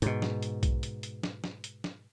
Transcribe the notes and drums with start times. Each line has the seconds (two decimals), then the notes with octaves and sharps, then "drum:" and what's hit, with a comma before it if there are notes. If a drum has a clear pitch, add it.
0.02 G#2 B2, drum: hi-hat
0.22 drum: snare
0.43 drum: hi-hat
0.63 drum: kick B1, hi-hat
0.83 drum: hi-hat
1.03 drum: hi-hat
1.23 drum: snare
1.44 drum: snare
1.64 drum: hi-hat
1.84 drum: snare